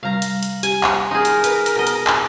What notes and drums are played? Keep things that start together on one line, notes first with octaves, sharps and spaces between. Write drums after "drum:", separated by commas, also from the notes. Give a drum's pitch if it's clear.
C3 G3 F5 A#5
drum: hi-hat
drum: hi-hat
G4 G#5, drum: hi-hat
drum: clap
D#4 G#4 A#4 C6
drum: hi-hat
B4, drum: hi-hat
drum: hi-hat
B2 D#5
drum: hi-hat
drum: clap